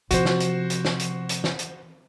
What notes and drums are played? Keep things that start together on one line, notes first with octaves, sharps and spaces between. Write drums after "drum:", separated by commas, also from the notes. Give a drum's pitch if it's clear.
C3 F3 F#4 C5, drum: hi-hat
drum: snare
drum: hi-hat
drum: hi-hat
drum: snare
drum: hi-hat
drum: hi-hat
drum: snare
drum: hi-hat